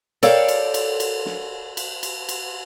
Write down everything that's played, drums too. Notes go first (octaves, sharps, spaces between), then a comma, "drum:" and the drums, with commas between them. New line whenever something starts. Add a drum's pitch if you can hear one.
A4 A#4 C#5 D5 F5 G5, drum: cymbal
drum: cymbal
drum: cymbal
drum: cymbal
drum: snare
drum: cymbal
drum: cymbal
drum: cymbal